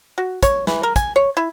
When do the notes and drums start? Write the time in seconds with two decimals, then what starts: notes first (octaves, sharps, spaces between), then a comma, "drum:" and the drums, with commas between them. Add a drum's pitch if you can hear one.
0.18 F#4
0.43 C#5, drum: kick, hi-hat
0.67 E3, drum: snare
0.83 A#4
0.96 G#5, drum: kick, hi-hat
1.16 C#5
1.37 E4